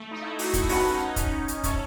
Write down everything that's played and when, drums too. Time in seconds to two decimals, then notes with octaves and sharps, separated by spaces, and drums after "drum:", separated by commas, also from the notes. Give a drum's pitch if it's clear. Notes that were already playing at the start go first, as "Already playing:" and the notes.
Already playing: A3
0.11 D#4
0.22 E4
0.39 F#4, drum: open hi-hat
0.53 D#4, drum: kick, hi-hat
0.69 C#4 F#4 B4 F#5 A5, drum: open hi-hat
0.93 D#4
1.16 C#4, drum: kick, hi-hat
1.48 drum: hi-hat
1.64 C#4 C#5 E5 A5, drum: kick, hi-hat